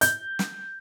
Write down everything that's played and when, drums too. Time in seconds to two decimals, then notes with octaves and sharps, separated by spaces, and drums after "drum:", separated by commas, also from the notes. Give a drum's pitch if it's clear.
0.01 G6, drum: hi-hat
0.39 drum: snare